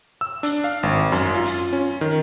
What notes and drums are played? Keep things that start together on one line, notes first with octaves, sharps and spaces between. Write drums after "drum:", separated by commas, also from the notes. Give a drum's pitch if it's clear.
E6
D4, drum: hi-hat
F5
G#1
F#2, drum: hi-hat
F4
drum: hi-hat
C#4
D#3